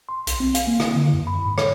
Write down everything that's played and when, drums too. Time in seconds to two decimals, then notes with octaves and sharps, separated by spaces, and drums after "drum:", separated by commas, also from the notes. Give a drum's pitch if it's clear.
0.09 C6
0.27 B1, drum: hi-hat
0.40 C4
0.55 F5, drum: hi-hat
0.67 A#3
0.80 E4, drum: rim click
0.95 D3
1.13 F#2
1.27 B5
1.45 G#2
1.58 C#5, drum: rim click